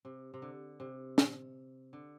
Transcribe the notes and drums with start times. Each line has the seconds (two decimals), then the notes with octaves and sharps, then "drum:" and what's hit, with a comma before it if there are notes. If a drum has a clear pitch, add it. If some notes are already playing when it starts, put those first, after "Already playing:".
0.05 C3
0.34 C3
0.42 D3
0.80 C3
1.18 drum: snare
1.93 D3